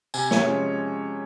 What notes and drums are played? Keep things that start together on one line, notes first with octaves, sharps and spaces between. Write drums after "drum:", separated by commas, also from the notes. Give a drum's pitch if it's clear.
C3 G#5, drum: tambourine
C#5, drum: snare
F3 G#3 C#4